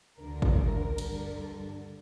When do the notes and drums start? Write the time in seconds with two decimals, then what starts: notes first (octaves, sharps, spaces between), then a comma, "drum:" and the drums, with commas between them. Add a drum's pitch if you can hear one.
0.19 D2 D3 A#4
0.42 drum: kick G#1
0.98 G2 D3, drum: cymbal